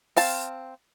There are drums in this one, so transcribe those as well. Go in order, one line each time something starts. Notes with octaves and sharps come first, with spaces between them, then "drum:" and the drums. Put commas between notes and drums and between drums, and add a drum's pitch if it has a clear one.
C4 F5 A5, drum: open hi-hat